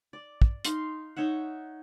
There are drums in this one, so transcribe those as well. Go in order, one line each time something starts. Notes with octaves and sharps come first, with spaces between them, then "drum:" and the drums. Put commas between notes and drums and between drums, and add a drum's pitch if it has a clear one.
D5
drum: kick
D#4 F5 C6, drum: hi-hat
D#4 C#5 E5 F#5